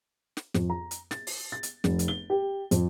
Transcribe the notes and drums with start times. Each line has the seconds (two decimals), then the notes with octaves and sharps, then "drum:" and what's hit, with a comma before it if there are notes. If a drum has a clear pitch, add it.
0.37 drum: snare
0.54 F2, drum: snare
0.70 A#5
0.91 drum: hi-hat
1.11 A6, drum: snare
1.27 drum: open hi-hat
1.52 A6
1.63 drum: hi-hat
1.84 F1, drum: snare
1.99 drum: hi-hat
2.08 G7
2.30 G4
2.71 F2, drum: hi-hat